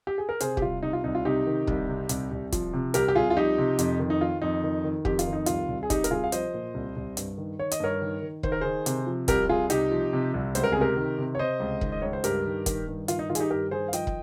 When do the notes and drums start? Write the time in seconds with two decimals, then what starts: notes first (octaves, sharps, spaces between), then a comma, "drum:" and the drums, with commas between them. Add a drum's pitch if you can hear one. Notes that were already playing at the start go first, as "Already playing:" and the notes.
0.07 G4
0.18 G#4
0.29 A#4
0.40 C3 G#4 C5, drum: hi-hat
0.57 G4, drum: kick
0.62 C2 F4
0.83 C3 D#4
0.93 F4
1.04 C2 D#4
1.15 F4
1.25 C3 D#4 G4
1.47 D#3
1.67 C2, drum: kick
1.88 C3
2.09 C2, drum: hi-hat
2.31 C2
2.52 F3, drum: kick, hi-hat
2.73 C3
2.94 C2 G4 A#4, drum: hi-hat
3.08 G4
3.15 C2 F4 G#4
3.30 F4
3.36 F3 D#4 G4
3.58 C3
3.79 F2, drum: hi-hat
4.00 D#3
4.10 D#4
4.21 D#3 F4
4.42 F2 D#4
4.63 D#3
4.84 D#3
5.05 F2 G4, drum: kick
5.19 F4, drum: hi-hat
5.27 D#3
5.33 D#4
5.46 C2 F4, drum: hi-hat
5.68 C2
5.83 G#4
5.90 C2 D#4 G4, drum: kick, hi-hat
6.04 A#4, drum: hi-hat
6.11 C2 F4 G#4
6.24 F5
6.32 F3 C5 D#5, drum: hi-hat
6.54 A#2
6.74 C2
6.96 C2
7.17 G2, drum: hi-hat
7.38 D#3
7.59 D#3 C#5
7.71 D#5, drum: hi-hat
7.80 G2 A#4 C#5
8.01 D#3
8.22 D#3
8.43 D#3 C5, drum: kick
8.52 A#4
8.61 D#3 G#4 C5
8.86 C3, drum: hi-hat
9.07 F3
9.28 C2 G4 A#4, drum: kick, hi-hat
9.49 C2 F4 G#4
9.70 C3 D#4 G4, drum: hi-hat
9.91 F3
10.13 C3
10.34 C2
10.55 C#2 C5, drum: hi-hat
10.64 A#4
10.72 G#4
10.77 C3 G4 A#4
10.97 D#3
11.18 C3
11.35 C#5
11.39 C3 C5 D#5
11.60 C#2
11.81 D#3, drum: kick
11.92 D#5
12.02 C#2 C#5
12.13 C5
12.24 G2 G4 A#4, drum: hi-hat
12.45 D#3
12.66 D#3, drum: kick, hi-hat
12.87 G2
13.08 D#3 F4, drum: hi-hat
13.19 D#4
13.29 D#3 F4
13.35 G#4, drum: hi-hat
13.40 D#4 G4
13.50 G2 G4 A#4
13.71 D#3 G#4 C5
13.88 F5
13.93 F3 D#5 G5, drum: hi-hat
14.07 drum: kick